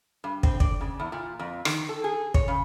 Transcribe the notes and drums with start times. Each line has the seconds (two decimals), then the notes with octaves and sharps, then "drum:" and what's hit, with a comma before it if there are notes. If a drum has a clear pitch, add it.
0.24 G2
0.43 C4, drum: kick
0.60 D5, drum: kick
0.81 C#3
1.00 E2
1.12 A#2
1.39 F2
1.65 D#3, drum: rim click
1.89 A4
2.04 G#4
2.34 C#5, drum: kick
2.48 C#3